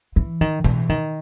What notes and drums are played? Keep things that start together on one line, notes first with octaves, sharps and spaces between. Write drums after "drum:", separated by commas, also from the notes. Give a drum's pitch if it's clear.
E3
D#3
E3, drum: tom B2
D#3